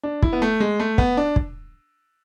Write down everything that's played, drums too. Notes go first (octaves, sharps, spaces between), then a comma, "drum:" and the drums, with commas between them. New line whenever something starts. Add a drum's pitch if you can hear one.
D4
E4, drum: kick
B3
A3
G#3
A3
B3, drum: kick
D4
drum: kick